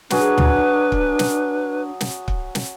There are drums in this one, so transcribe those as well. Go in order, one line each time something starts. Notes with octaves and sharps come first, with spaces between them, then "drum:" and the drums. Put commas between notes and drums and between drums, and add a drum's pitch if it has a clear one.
F#3 D4 F#4 G#4 B4, drum: snare
drum: tom
drum: kick
drum: snare
drum: snare
drum: kick
drum: snare